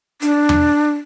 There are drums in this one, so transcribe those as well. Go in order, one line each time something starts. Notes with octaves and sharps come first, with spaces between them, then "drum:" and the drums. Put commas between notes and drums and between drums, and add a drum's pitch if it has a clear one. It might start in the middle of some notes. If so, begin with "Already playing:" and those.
D4, drum: hi-hat
drum: tom E2